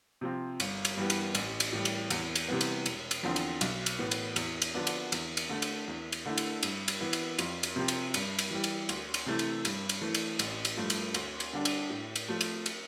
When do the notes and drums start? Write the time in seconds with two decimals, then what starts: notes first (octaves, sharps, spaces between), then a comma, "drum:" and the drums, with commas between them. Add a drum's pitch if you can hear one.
0.21 C3 F3 C4
0.60 G1, drum: cymbal
0.85 drum: cymbal
0.97 G2 E3 G3 B3
1.10 drum: cymbal
1.35 A1, drum: cymbal
1.60 drum: cymbal
1.73 A2 E3 G3
1.85 drum: cymbal
2.10 E2, drum: cymbal
2.36 drum: cymbal
2.48 C3 E3 G3 B3
2.61 drum: cymbal
2.86 E1, drum: cymbal
3.11 drum: cymbal
3.23 E2 D3 F3 C4
3.36 drum: cymbal
3.61 B1, drum: cymbal
3.86 drum: cymbal
3.99 A2 E3 B3
4.11 drum: cymbal
4.36 E2, drum: cymbal
4.62 drum: cymbal
4.75 D3 F3 B3 D4
4.87 drum: cymbal
5.12 E2, drum: cymbal
5.37 drum: cymbal
5.49 D3 A3
5.62 drum: cymbal
5.88 E2
6.12 drum: cymbal
6.26 D3 A3 E4
6.38 drum: cymbal
6.63 G2, drum: cymbal
6.88 drum: cymbal
7.00 E3 B3 E4
7.13 drum: cymbal
7.39 F2, drum: cymbal
7.63 drum: cymbal
7.76 C3 F3 C4
7.88 drum: cymbal
8.14 G2, drum: cymbal
8.39 drum: cymbal
8.51 E3 G3
8.64 drum: cymbal
8.89 D2, drum: cymbal
9.14 drum: cymbal
9.26 C3 E3 A3 E4
9.39 drum: cymbal
9.65 G2, drum: cymbal
9.89 drum: cymbal
10.02 E3 A3
10.15 drum: cymbal
10.39 A1, drum: cymbal
10.65 drum: cymbal
10.77 G2 F3 A3
10.90 drum: cymbal
11.14 D2, drum: cymbal
11.40 drum: cymbal
11.53 D3 G3 D4
11.65 drum: cymbal
11.90 A2
12.16 drum: cymbal
12.29 F3 A3
12.41 drum: cymbal
12.66 drum: cymbal